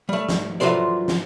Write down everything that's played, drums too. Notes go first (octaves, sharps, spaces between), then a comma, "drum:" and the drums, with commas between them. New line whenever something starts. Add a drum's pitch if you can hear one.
G3 A3
drum: snare
E3 F#3 F4 A4 C5 D5
drum: snare